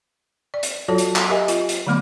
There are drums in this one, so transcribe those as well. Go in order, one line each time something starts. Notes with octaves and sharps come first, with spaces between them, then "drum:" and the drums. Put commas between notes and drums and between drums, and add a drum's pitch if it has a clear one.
D5
drum: hi-hat
F#3 F4 F#4 A4 C#5 A5
drum: hi-hat
drum: clap
G4 A#4 D#5 E5 G#5
F4, drum: hi-hat
drum: hi-hat
D3 F#3 A3 B3 B5 D6